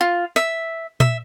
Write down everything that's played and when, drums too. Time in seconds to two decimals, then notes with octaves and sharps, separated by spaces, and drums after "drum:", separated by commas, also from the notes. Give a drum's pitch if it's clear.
0.01 F4
0.36 E5
1.00 E5, drum: tom A#2